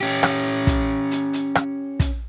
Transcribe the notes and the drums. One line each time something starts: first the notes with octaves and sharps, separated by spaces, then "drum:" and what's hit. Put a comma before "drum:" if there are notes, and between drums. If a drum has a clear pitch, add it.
C#4 G4
drum: rim click
drum: kick, hi-hat
drum: hi-hat
drum: hi-hat
drum: rim click
drum: kick, hi-hat